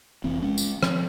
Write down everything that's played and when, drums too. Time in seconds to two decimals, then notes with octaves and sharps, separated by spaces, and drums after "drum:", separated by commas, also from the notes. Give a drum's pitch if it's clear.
0.24 F1 E3 C4
0.43 G#3 C#4
0.58 drum: tambourine
0.83 F3 C4, drum: rim click